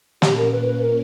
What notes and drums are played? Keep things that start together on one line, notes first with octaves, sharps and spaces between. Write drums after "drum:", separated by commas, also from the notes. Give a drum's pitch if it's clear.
A#2 A#3 C#4 G4, drum: snare
A#4
B4
B4
A#4